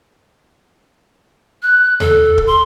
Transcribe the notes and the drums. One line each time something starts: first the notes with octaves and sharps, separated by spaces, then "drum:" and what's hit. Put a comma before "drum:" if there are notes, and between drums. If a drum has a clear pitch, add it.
F#6
A4, drum: tom D#2
drum: kick
C6